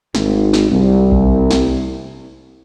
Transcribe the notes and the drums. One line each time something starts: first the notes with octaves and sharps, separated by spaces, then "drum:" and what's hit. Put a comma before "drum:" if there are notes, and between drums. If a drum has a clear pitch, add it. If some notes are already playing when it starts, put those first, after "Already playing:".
G#1, drum: snare
drum: snare
C2
drum: kick A#1
drum: snare